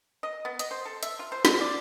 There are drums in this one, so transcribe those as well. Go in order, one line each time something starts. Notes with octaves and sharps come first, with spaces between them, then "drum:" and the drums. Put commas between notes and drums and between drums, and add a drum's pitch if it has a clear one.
D#5
B3
D#5, drum: hi-hat
C5
A4
E5, drum: hi-hat
F4
C5
C5, drum: snare
D5